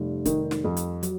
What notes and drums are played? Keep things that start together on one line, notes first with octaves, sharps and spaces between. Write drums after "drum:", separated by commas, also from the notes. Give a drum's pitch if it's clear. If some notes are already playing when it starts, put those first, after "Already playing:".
Already playing: F1 G3
D#3, drum: kick C#1, hi-hat
drum: snare
F2
drum: hi-hat
F#3, drum: hi-hat